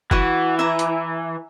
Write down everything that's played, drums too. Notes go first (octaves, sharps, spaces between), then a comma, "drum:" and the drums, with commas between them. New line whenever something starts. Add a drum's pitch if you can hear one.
E3 F#4 F#5, drum: kick
E5 G#5 A#5
drum: hi-hat